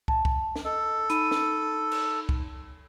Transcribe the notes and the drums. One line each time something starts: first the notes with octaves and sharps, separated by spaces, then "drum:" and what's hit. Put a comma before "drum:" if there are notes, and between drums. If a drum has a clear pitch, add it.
A5, drum: kick
drum: kick
drum: snare
A4 D#5
D#4 B5 D#7, drum: hi-hat
drum: snare
drum: cymbal
drum: kick